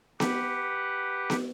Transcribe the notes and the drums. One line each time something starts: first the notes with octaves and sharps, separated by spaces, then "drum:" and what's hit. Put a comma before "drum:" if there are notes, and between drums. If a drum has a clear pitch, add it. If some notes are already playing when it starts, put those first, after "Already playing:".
G4 B4 F#5, drum: snare B3
drum: snare B3